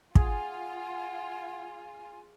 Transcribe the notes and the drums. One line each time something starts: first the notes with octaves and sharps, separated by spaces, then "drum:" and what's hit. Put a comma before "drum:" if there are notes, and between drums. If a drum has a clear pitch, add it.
F4 G#4 F#5 G#5, drum: kick